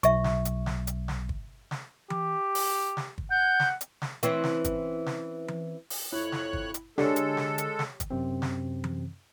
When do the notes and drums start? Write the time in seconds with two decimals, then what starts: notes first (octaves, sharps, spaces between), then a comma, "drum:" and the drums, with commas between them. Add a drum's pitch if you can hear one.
0.03 B1 E5 C#6, drum: hi-hat
0.24 drum: snare
0.45 drum: hi-hat
0.66 drum: snare
0.87 drum: hi-hat
1.08 drum: snare
1.29 drum: kick
1.71 drum: snare
2.10 G4, drum: tom E3
2.55 drum: open hi-hat
2.97 drum: snare
3.18 drum: kick
3.31 F#5 G6
3.60 drum: snare
3.81 drum: hi-hat
4.02 drum: snare
4.23 E3 C4 C#4, drum: hi-hat
4.44 drum: snare
4.64 drum: kick, hi-hat
5.06 drum: snare
5.48 drum: tom E3
5.90 drum: open hi-hat
6.12 F2 E4 C#5 F#6
6.32 drum: snare
6.53 drum: kick
6.74 drum: hi-hat
6.98 D3 G#3 G4 A4 C#5, drum: snare
7.16 drum: hi-hat
7.37 drum: snare
7.58 drum: hi-hat
7.79 drum: snare
8.00 drum: kick, hi-hat
8.10 F#2 C3 C4
8.42 drum: snare
8.84 drum: tom E3